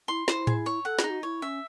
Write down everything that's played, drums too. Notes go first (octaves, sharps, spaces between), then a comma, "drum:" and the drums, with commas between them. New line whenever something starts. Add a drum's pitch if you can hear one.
E4 C6
E4 C5, drum: snare
G#4, drum: tom A2
C#5
A4 F#5
G#4, drum: snare
D#4
F#4
E4 C#5
C#4 E5